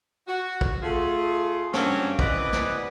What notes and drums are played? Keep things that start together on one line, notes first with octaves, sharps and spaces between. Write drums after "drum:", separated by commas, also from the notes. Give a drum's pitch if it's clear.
F#4
drum: kick
A3 F4 G#4
G2 F#3 A#3 C4 C#4, drum: snare
C3 E3 B4 D5 D#5 F#5, drum: kick
drum: snare